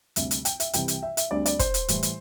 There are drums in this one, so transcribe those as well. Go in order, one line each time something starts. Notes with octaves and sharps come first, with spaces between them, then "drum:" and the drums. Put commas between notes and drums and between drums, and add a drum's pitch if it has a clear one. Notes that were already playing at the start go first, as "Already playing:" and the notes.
D2 C3 G3 C4 E5, drum: hi-hat
drum: hi-hat
G5, drum: hi-hat
E5, drum: hi-hat
C2 C3 E3 G3 G5, drum: hi-hat
drum: hi-hat
E5
E5, drum: hi-hat
D2 D3 G3 C4 D5
D5, drum: hi-hat
C5, drum: kick, hi-hat
drum: hi-hat
A2 E3 G3, drum: hi-hat
drum: hi-hat